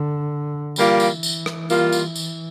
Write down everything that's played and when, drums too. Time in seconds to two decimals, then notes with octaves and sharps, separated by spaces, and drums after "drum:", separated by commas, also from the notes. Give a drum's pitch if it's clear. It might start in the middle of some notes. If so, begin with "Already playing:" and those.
Already playing: D3
0.76 E3 G3 A#3 F4, drum: tambourine
1.00 drum: tambourine
1.23 drum: tambourine
1.46 drum: rim click
1.70 G3 A#3 F4, drum: tambourine
1.92 drum: tambourine
2.16 drum: tambourine